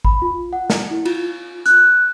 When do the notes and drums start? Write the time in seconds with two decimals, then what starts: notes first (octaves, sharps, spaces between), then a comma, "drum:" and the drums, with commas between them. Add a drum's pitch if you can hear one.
0.05 B5, drum: kick A1
0.22 F4
0.53 F#5
0.70 drum: snare
0.91 E4
1.05 F4, drum: cymbal
1.66 F#6, drum: hi-hat